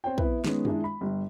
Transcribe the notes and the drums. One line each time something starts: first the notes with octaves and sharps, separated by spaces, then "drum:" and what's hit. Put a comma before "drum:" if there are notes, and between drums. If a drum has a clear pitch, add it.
C4 C5 C#5 G5
B3 E4 B4, drum: kick
D#3 G#3 B3 C#4, drum: snare
D#3 G#3 D4 E4, drum: tom F#2
B5
G1 G3